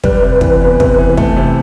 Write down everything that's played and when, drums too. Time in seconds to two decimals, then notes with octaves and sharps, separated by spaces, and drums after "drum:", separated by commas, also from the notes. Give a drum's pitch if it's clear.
0.04 G3 B4, drum: kick
0.22 C3
0.41 E3, drum: kick
0.61 E2
0.80 C3, drum: kick
0.98 E3
1.17 A3, drum: kick
1.36 C3